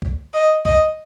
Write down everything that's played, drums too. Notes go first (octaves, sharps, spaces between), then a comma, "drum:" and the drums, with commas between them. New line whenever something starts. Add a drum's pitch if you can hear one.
drum: kick
D#5
D#5, drum: kick